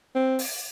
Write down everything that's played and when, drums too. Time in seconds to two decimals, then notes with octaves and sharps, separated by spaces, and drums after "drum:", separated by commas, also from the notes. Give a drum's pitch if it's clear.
0.15 C4
0.39 drum: open hi-hat